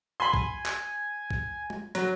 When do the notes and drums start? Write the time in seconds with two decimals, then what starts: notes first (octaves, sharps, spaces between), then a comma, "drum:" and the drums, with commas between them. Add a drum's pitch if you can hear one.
0.20 G#5 B5 C6
0.34 drum: kick A#1
0.66 drum: clap
1.30 drum: kick A#1
1.70 drum: tom
1.95 F#3, drum: hi-hat